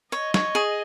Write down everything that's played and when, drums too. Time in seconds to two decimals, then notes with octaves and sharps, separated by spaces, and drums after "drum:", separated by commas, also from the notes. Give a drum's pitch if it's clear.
0.12 C#5 D#5
0.34 C#5, drum: snare
0.55 G#4